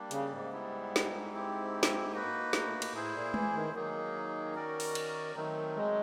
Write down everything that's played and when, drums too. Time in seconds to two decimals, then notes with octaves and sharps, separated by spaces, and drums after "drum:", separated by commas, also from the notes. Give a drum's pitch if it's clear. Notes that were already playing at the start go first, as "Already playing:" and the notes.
Already playing: G3 A#3 D4
0.11 C#3, drum: hi-hat
0.31 G#2
0.52 G3 B3 E4
0.96 drum: snare
1.31 C4 E4 G4
1.83 drum: snare
2.13 A#3 D#4 F#4 B4
2.53 A2, drum: snare
2.82 drum: cymbal
2.93 A2 E4 G#4 C5
3.14 A#2
3.34 E3, drum: tom G#3
3.54 D#3
3.74 D#3 F#3 A#3 D#4 G#4
4.55 C#4 F#4 A#4 D5
4.80 drum: open hi-hat
4.95 drum: cymbal
5.36 D#3 F#3 A3 C4 D#4
5.76 G#3